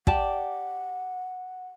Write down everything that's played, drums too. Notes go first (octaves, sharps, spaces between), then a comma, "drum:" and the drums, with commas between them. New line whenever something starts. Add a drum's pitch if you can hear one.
G4 D5 F#5 A5, drum: kick